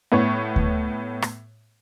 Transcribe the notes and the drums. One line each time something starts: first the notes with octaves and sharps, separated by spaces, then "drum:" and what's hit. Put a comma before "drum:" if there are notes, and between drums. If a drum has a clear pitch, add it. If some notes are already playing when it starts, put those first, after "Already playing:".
A2 B3 C#5 C#6
drum: kick D2
drum: rim click